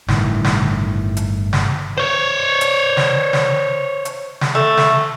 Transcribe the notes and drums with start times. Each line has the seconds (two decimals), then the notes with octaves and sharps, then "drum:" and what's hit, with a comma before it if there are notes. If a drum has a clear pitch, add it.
0.08 G1 A2 D#3 E3, drum: snare
0.44 drum: snare
1.17 drum: hi-hat
1.53 drum: snare
1.98 C5 C#5
2.61 drum: hi-hat
2.97 drum: snare
3.33 drum: snare
4.05 drum: hi-hat
4.41 drum: snare
4.55 A3
4.77 drum: snare